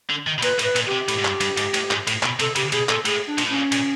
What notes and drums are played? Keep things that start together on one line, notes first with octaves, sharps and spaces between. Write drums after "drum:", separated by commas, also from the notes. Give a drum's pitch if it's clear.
D3
D#3
B2
A#2 B4, drum: cymbal
A2, drum: cymbal
B4
A#2, drum: cymbal
C3 G4
A2, drum: cymbal
G#2
G2, drum: clap
G2, drum: cymbal
G#2, drum: cymbal
A2, drum: cymbal
G#2, drum: clap
A2, drum: cymbal
B2, drum: clap
C3 A4, drum: cymbal
C#3 G4, drum: cymbal
B2 G#4, drum: cymbal
A#2 A4, drum: clap
A2 G#4, drum: cymbal
D4
A#2, drum: cymbal
A2
A#2 C#4
A#2, drum: cymbal